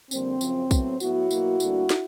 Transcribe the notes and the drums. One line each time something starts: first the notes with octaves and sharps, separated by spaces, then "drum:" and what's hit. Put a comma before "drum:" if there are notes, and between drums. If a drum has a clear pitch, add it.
F2 D3 G3 A#3 C4, drum: tambourine
F#2 C#3 F3, drum: tambourine
A2 F#3 B3, drum: kick, tambourine
A2 F#3 B3 E4 F#4, drum: tambourine
B2 F#3 A#3, drum: tambourine
D2 D3 G3 A#3, drum: tambourine
drum: snare